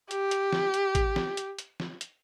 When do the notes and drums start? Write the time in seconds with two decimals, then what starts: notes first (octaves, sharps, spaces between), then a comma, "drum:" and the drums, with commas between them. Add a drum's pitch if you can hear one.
0.11 G4, drum: hi-hat
0.31 drum: hi-hat
0.53 drum: snare
0.74 drum: hi-hat
0.95 drum: kick A1, hi-hat
1.16 drum: snare
1.37 drum: hi-hat
1.59 drum: hi-hat
1.80 drum: snare
2.01 drum: hi-hat